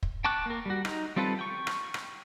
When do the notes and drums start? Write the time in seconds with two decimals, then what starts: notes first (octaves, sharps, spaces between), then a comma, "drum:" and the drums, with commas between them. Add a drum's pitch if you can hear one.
0.03 drum: kick
0.25 G5 A5 C#6 D6 F#6
0.46 A#3 A#4
0.66 G3 F#4
0.85 D#4, drum: rim click
1.16 G3 C4 F4 A4 B4
1.39 G5 C#6
1.67 drum: rim click
1.94 drum: rim click